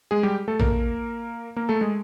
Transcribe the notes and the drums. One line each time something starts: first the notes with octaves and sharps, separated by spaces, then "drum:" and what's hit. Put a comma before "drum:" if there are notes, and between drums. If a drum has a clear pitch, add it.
G#3 G#4
G3 G4
A3 A4
A#3 A#4, drum: tom A#1
A#3 A#4
A3 A4
G#3 G#4